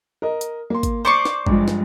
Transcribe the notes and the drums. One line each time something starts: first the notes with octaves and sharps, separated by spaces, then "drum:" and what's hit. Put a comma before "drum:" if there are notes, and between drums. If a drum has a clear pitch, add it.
A#4 D#5
drum: hi-hat
A#3 C6
drum: kick G#1, hi-hat
C5 D5 C#6 D6 C7 C#7
drum: snare
G2 F3 G#3, drum: kick G#1
drum: snare